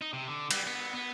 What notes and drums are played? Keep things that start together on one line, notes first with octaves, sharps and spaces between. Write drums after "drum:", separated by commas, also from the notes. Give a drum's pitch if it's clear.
D#4
C3
D3
G3, drum: cymbal
B3
B3